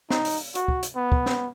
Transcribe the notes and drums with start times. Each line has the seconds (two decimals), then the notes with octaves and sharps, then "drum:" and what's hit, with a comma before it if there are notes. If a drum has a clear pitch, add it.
0.10 D#4, drum: snare
0.25 drum: open hi-hat
0.55 F#4, drum: hi-hat
0.68 drum: kick
0.83 drum: hi-hat
0.96 B3
1.12 drum: kick
1.26 drum: snare